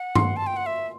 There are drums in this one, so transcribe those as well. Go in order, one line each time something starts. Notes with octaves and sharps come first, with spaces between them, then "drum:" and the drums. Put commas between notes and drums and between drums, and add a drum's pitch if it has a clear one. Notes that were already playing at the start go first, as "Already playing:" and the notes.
Already playing: F#5
C6, drum: tom G2
A5
G5
F#5
E5